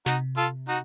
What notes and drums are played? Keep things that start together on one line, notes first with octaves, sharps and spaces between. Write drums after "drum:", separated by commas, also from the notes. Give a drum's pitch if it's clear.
C3 D#4 F#4, drum: snare
F4 A4, drum: hi-hat
D#4 F#4, drum: hi-hat